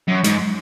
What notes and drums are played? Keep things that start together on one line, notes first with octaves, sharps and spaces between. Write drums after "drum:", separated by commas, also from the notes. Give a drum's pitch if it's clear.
F#2
G#2, drum: hi-hat